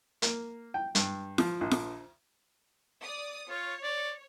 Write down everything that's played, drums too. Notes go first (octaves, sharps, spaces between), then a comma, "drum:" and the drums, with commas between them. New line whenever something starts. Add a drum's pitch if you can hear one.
A#3, drum: hi-hat
G5
G2, drum: hi-hat
F3, drum: snare F4
A#1
drum: snare F4
D5 D#6
F4 C#5
D5